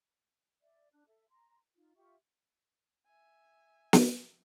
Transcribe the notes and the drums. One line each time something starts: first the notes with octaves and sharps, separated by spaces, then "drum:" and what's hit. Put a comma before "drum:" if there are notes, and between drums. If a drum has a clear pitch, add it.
D5 E5
D4 F#6
A4 E5
A#5 C6
D#4 F4
F4 G4 E5 C#6
E5 G#5
drum: snare